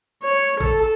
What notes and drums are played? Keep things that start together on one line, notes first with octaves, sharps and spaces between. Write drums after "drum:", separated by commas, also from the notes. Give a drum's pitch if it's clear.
C#5
A4, drum: kick A1